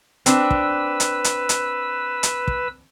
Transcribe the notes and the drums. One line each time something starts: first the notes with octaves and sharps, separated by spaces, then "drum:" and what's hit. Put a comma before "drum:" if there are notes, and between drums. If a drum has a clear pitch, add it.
C4 D4 B4 E6, drum: hi-hat
drum: kick
drum: hi-hat
drum: hi-hat
drum: hi-hat
drum: hi-hat
drum: kick